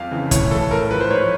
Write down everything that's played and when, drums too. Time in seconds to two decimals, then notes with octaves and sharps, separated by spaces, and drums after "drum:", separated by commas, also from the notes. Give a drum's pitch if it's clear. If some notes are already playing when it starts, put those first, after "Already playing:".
Already playing: F2 F5
0.11 C#3 E3
0.31 A2 C#5, drum: kick, hi-hat
0.51 E3 A4
0.71 A2 A#4
0.91 F3 B4
1.01 C5
1.10 G#2 C#5